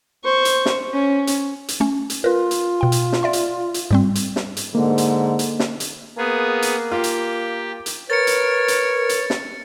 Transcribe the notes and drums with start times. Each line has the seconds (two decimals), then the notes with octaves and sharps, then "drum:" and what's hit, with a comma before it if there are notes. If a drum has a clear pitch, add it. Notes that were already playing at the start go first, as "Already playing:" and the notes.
0.24 C5 C#6
0.45 drum: hi-hat
0.66 drum: snare
0.93 C#4
1.27 drum: hi-hat
1.68 drum: hi-hat
1.80 A3 C#4
2.10 drum: hi-hat
2.24 F4 A#4 B4
2.51 drum: hi-hat
2.81 B2 G5
2.92 drum: hi-hat
3.13 drum: snare
3.23 D5 E5 C6
3.33 drum: hi-hat
3.74 drum: hi-hat
3.91 G#2 G3 C4
4.15 drum: hi-hat
4.36 drum: snare
4.57 drum: hi-hat
4.75 G#2 D3 A#3
4.98 drum: hi-hat
5.39 drum: hi-hat
5.59 drum: snare
5.80 drum: hi-hat
6.18 A#3 B3 G#4
6.62 drum: hi-hat
6.92 F4 G4
7.04 drum: hi-hat
7.86 drum: hi-hat
8.10 A#4 B4 C#5 A6 C#7
8.27 drum: hi-hat
8.68 drum: hi-hat
9.09 drum: hi-hat
9.30 drum: snare